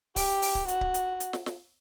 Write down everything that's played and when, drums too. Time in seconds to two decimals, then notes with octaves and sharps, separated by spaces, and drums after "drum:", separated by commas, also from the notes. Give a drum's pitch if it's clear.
0.16 G4, drum: kick C#1, open hi-hat
0.42 drum: open hi-hat
0.55 drum: kick C#1
0.68 F#4, drum: hi-hat
0.81 drum: kick C#1
0.94 drum: hi-hat
1.20 drum: hi-hat
1.33 drum: snare
1.46 drum: snare